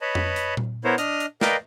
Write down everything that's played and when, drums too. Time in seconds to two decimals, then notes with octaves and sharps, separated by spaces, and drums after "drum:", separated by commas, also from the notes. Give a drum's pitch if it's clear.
0.01 B4 C#5 D#5 A5 B5
0.15 drum: tom F2
0.36 drum: hi-hat
0.57 drum: tom A#2
0.84 B3 E4 A#4 C5 C#5
0.98 D4 D#5 D#6 F6, drum: hi-hat
1.20 drum: hi-hat
1.41 A#4 B4 D5 D#5 F5 G5, drum: snare